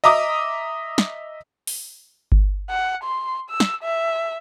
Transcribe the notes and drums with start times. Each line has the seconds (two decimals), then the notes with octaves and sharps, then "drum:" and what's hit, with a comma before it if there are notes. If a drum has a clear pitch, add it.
0.04 D#5 E5 A#5 D6 D#6
0.98 drum: snare
1.67 drum: open hi-hat
2.32 drum: kick G1
2.69 F#5
3.04 C6
3.50 E6
3.60 drum: snare
3.83 E5